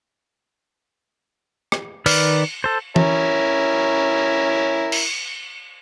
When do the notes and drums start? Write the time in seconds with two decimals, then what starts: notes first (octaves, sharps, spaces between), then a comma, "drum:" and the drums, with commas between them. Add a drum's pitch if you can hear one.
1.72 drum: rim click
2.06 D#3 B4 D5 F6, drum: cymbal
2.64 A4 C5
2.96 C#4 E4 A#4, drum: tom E3
4.92 drum: cymbal